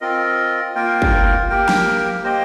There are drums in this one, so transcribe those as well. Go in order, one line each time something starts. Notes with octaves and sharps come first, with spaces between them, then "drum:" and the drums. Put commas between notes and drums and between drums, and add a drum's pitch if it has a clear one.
C4 F4 A#4 D#5
A#3 F4 A#4 G5
drum: kick
A#3 G4 A#4 G5
drum: snare
A#3 G4 C5 D#5 G5